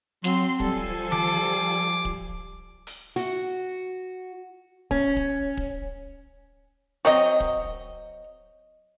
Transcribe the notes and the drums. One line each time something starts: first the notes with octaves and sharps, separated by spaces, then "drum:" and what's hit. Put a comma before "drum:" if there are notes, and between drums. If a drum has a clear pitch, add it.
F#3 C4 C6, drum: snare
F3 G3 A4 G#5 C7, drum: kick
D6, drum: tom D#3
drum: kick
drum: hi-hat
F#4, drum: hi-hat
C#4, drum: kick
drum: kick
drum: kick
F#3 C4 D#5
drum: kick